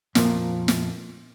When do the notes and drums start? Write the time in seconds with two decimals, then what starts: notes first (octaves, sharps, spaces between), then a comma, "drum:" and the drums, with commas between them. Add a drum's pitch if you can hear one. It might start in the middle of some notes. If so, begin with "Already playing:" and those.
0.15 F2 A#2 F3 A3 A#3, drum: snare
0.68 drum: snare